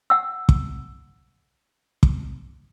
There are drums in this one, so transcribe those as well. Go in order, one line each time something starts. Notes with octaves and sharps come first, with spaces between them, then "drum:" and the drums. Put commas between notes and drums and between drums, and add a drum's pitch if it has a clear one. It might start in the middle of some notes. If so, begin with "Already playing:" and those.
F#5 E6
drum: kick
drum: kick